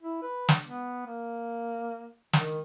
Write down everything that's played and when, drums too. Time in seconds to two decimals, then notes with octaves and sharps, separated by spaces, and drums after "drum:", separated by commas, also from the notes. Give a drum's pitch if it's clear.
0.03 E4
0.22 B4
0.49 drum: snare
0.64 B3
1.07 A#3
2.33 D#3, drum: snare